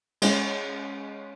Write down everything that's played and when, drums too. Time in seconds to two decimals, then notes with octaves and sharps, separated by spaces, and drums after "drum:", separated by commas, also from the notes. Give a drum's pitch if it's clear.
0.22 G#3 C#4, drum: cymbal